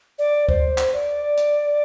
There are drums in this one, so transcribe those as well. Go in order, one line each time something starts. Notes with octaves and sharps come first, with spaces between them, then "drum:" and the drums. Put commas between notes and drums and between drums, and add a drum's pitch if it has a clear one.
D5
C5, drum: kick D2
drum: clap
D5
drum: hi-hat